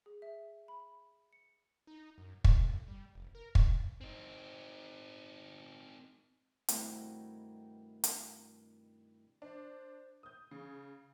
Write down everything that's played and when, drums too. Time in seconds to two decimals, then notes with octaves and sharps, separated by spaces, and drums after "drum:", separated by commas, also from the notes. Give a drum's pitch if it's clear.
0.06 G#4
0.22 E5
0.68 B5
1.33 C#7
1.87 D#4
2.18 F#2
2.44 A#2, drum: kick
2.59 A2
2.88 G3
3.15 F1
3.35 A#4
3.55 G#2, drum: kick
4.01 C4 D#4
6.69 G2 B2 D#3 A3 C4 E4, drum: hi-hat
8.04 drum: hi-hat
9.42 D4 C5
10.23 D#6 G6
10.51 C#3 G#4